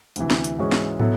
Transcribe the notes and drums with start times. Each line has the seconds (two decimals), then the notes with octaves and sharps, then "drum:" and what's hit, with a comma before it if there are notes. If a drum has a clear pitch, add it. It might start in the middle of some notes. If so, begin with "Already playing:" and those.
0.16 D2 C3 E3, drum: hi-hat
0.30 drum: snare
0.44 drum: hi-hat
0.58 G#2 E3 G#3 C#4 F#4
0.72 drum: snare
1.00 B2 F#3 B3 E4 A4, drum: tom